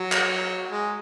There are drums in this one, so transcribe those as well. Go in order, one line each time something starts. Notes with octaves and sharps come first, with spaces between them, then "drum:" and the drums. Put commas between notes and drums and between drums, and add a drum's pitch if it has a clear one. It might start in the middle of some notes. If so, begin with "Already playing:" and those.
Already playing: F#3
drum: clap
G#3